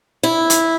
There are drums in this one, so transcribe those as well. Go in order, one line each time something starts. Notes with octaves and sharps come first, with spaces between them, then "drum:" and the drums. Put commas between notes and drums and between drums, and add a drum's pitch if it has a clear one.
E4
drum: hi-hat